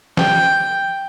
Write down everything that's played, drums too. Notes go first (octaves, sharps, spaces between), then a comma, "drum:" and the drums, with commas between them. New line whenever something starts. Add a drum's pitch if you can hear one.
G5, drum: snare